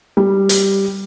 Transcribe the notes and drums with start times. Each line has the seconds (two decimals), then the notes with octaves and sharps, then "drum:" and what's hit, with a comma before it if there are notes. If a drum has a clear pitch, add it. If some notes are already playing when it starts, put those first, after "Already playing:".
0.17 G3
0.49 drum: hi-hat